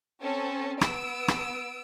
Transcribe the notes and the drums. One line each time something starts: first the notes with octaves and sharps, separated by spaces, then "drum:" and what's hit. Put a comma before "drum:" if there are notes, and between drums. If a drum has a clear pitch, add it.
C4 C#4 A4
B3 E6 D7, drum: rim click
drum: rim click